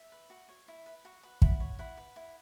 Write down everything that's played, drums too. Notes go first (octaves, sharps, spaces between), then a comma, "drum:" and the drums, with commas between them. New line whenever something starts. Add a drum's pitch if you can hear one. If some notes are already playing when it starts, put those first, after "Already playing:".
Already playing: E5
B4
F#4
C#5
E4
B4
F#4 F#5
B4
E4 F#5 B5, drum: kick
C#5
E4 F#5 B5
B4
E4